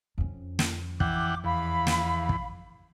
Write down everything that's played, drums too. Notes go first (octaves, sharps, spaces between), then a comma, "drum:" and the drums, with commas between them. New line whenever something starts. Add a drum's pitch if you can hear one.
F2 C#4
drum: snare
E3 F#5 G5 D6, drum: kick
E2 F5 B5
drum: snare
drum: kick